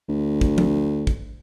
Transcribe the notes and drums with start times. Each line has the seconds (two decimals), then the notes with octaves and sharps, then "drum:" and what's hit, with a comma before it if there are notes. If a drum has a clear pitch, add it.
0.08 D2
0.41 drum: kick
0.58 drum: tom F3
1.07 drum: kick